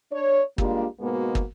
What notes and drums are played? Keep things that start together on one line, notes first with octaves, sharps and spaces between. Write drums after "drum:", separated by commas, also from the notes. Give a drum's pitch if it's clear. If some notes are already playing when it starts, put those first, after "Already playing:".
D4 C#5
G3 G#3 A#3 D4 F4 G4, drum: kick
G#2 B2 G#3 A#3 B3 F#4
drum: kick